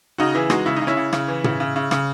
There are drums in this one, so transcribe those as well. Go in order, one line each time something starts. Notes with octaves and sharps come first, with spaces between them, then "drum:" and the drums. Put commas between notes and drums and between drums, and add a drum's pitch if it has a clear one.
C#3 D#4 F#4
E3 E4 G#4
G#3 D#4 F#4, drum: rim click
C#3 E4
C#3 D#4
C#4 E4
C#3
C#3, drum: rim click
E3
C#3, drum: tom
C#3
C#3
C#3, drum: rim click